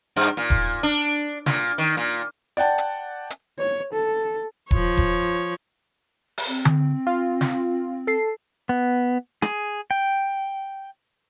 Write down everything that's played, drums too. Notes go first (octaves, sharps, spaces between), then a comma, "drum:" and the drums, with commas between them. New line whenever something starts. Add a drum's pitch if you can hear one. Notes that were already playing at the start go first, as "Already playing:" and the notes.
G2
A#2
drum: kick D#1
D4
A#2, drum: snare
D#3
A#2
D5 F#5 G5 A5
drum: hi-hat
drum: hi-hat
C#5
A4
F3 C#5, drum: kick D#1
drum: kick D#1
drum: open hi-hat
C4
drum: tom D3
F4
drum: snare
A4 C7
B3
G#4, drum: rim click
G5